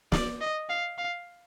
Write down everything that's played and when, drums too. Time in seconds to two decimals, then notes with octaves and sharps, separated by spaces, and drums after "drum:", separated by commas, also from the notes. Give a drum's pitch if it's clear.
0.12 D5, drum: snare
0.41 D#5
0.69 F5
0.98 F5